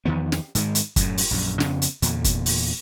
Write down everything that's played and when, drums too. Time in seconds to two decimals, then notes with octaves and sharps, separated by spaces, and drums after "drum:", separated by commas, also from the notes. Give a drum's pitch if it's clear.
0.05 E2 D#3 F3 B3
0.32 drum: snare
0.55 G#2 D#3 G#3, drum: hi-hat
0.75 drum: hi-hat
0.96 F#2 A2, drum: kick, hi-hat
1.18 drum: open hi-hat
1.31 A#1 F#2
1.60 F2 C#3 B3, drum: snare
1.82 drum: hi-hat
2.02 E2 A#2 D3, drum: hi-hat
2.24 drum: kick, hi-hat
2.46 drum: open hi-hat